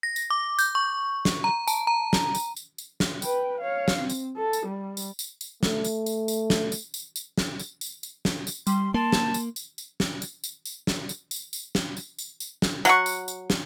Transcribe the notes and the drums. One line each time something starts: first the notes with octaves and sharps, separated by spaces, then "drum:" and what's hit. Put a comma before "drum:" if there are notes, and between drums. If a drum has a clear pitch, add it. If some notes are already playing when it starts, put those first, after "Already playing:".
A#6
drum: tambourine
D6
G6, drum: tambourine
C#6
drum: snare
A#5
A5, drum: tambourine
A#5
drum: snare
drum: tambourine
drum: tambourine
drum: tambourine
drum: snare
B4 G5, drum: tambourine
C#5 F5
drum: snare
C4
drum: tambourine
A4
drum: tambourine
G3
drum: tambourine
drum: tambourine
drum: tambourine
A3, drum: snare
drum: tambourine
drum: tambourine
drum: tambourine
drum: snare
drum: tambourine
drum: tambourine
drum: tambourine
drum: snare
drum: tambourine
drum: tambourine
drum: tambourine
drum: snare
drum: tambourine
G3 C6, drum: tambourine
A#3 A5 C6
drum: snare
drum: tambourine
drum: tambourine
drum: tambourine
drum: snare
drum: tambourine
drum: tambourine
drum: tambourine
drum: snare
drum: tambourine
drum: tambourine
drum: tambourine
drum: snare
drum: tambourine
drum: tambourine
drum: tambourine
drum: snare
F#3 F#5 C#6, drum: tambourine
drum: tambourine
drum: tambourine
drum: snare